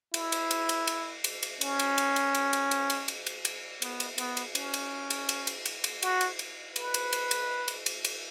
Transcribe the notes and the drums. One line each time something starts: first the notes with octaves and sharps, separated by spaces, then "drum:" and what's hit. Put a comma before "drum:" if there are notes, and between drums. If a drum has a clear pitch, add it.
E4, drum: cymbal
drum: cymbal
drum: cymbal
drum: cymbal
drum: cymbal
drum: cymbal
drum: cymbal
C#4, drum: cymbal
drum: cymbal
drum: cymbal
drum: cymbal
drum: cymbal
drum: cymbal
drum: cymbal
drum: cymbal
drum: cymbal
drum: cymbal
drum: cymbal
B3, drum: cymbal
drum: cymbal
B3, drum: cymbal
drum: cymbal
C#4, drum: cymbal
drum: cymbal
drum: cymbal
drum: cymbal
drum: cymbal
drum: cymbal
drum: cymbal
F#4, drum: cymbal
drum: cymbal
drum: cymbal
B4, drum: cymbal
drum: cymbal
drum: cymbal
drum: cymbal
drum: cymbal
drum: cymbal
drum: cymbal